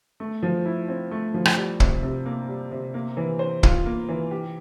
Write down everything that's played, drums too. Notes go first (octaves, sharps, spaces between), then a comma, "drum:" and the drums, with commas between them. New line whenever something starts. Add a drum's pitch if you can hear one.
A3
F3
E4
C4
A3
F3
drum: rim click
G3
C3, drum: kick
C3
A#3
G3
C3
A#3
E3
C5
F4, drum: kick
A#3
E3
G4